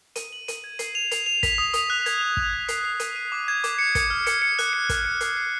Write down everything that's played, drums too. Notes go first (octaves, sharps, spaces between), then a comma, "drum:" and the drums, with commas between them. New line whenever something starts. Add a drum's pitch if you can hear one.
D#7, drum: hi-hat
F#7
D#7, drum: hi-hat
G#6
C7, drum: hi-hat
F7
C7, drum: hi-hat
F7
B6, drum: kick, hi-hat
D#6
D#6, drum: hi-hat
F#6
G#6, drum: hi-hat
F7
F7, drum: kick
G#6
C7, drum: hi-hat
C7
D#7, drum: hi-hat
D#7
D6
G#6
D6, drum: hi-hat
C#7
C#7, drum: kick, hi-hat
F6
C#7, drum: hi-hat
C#7
F#6, drum: hi-hat
C#7
C#7, drum: kick, hi-hat
C#7
C7, drum: hi-hat
C7